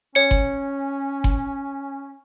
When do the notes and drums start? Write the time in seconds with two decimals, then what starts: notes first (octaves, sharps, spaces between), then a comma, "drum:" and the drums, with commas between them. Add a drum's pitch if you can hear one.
0.15 C#4 C#5 C#7
0.31 drum: kick F#1
1.24 drum: kick F#1